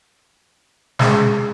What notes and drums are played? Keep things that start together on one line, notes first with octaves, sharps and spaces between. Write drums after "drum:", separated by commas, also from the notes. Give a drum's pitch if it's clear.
G#3 C#4 G#4, drum: snare